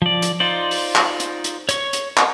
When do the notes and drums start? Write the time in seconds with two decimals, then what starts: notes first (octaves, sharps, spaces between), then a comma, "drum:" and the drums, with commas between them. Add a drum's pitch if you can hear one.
0.02 F3 D5
0.22 drum: hi-hat
0.40 D#4 F4 C5 D5
0.71 drum: open hi-hat
0.96 drum: clap
1.20 drum: hi-hat
1.44 drum: hi-hat
1.69 C#5 C#6, drum: hi-hat
1.93 drum: hi-hat
2.17 drum: clap